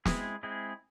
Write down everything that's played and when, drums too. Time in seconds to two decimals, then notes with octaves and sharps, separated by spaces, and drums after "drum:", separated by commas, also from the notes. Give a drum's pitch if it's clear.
0.05 G#3 C4 E4 G#4, drum: snare
0.43 G#3 C4 E4 G#4